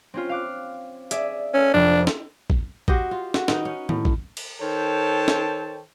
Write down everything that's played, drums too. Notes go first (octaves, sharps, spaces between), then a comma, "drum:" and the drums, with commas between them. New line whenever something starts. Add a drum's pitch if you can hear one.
C4 C#4 F4
F5 D6 F#6
G#4 D5 E5, drum: hi-hat
C#4 A4 A#4 E6
F1 F2 F3 D4
drum: snare
drum: kick A1
F#4 G4 C5 D#5, drum: kick A1
F4
F#4, drum: snare
D#3 D#4 B4, drum: snare
C#4
A2, drum: tom D#3
drum: kick A1
drum: cymbal
D#3 A4 C5 C#5 G5 A5
drum: snare